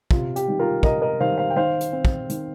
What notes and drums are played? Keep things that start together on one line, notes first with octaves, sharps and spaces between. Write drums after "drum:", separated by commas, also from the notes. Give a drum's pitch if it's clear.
C3 F4, drum: kick
G4, drum: hi-hat
D#3 G3
F4 A#4
C3 A#4 D#5, drum: kick
A#4 D#5
D#3 G3 C5 F5
C5 F5
G5
D#3 C5 F5
drum: hi-hat
C4
drum: kick
D#3, drum: hi-hat